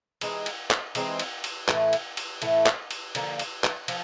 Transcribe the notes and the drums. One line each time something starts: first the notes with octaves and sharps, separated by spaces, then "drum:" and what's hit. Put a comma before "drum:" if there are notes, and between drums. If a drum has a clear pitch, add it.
E3 G#3 C4 D#4, drum: cymbal
drum: cymbal
drum: clap
E3 G#3 C4 D#4, drum: cymbal
drum: cymbal
drum: cymbal
A2 E3 A3, drum: clap
drum: cymbal
drum: cymbal
A2 E3 A3, drum: cymbal
drum: clap
drum: cymbal
D3 F3 A#3, drum: cymbal
drum: cymbal
drum: clap
F3, drum: cymbal